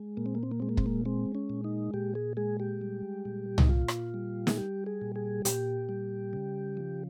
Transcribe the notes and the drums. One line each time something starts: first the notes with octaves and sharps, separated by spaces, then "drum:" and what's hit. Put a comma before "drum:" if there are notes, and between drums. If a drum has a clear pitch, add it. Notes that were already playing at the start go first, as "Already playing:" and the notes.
Already playing: G#3
A#2 A#3
C4
A#3
C4
A#3
G#3 C4
A#3
C4, drum: kick
A#3
G#3 C4
C#4
A#2
D#4
A#2 G4
G#4
G#3 G#4
G4
G3
A#2
D#4, drum: tom
A#2 F4
drum: rim click
G3
G#4, drum: snare
G3 G4
G#4
A#2
G#4
A#2 G4, drum: hi-hat
G3
C#3
F3